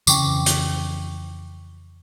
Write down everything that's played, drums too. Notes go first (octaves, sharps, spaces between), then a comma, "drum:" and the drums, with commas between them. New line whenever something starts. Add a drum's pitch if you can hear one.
F2 C#3 E3 G5 C#6 D6, drum: tambourine
drum: hi-hat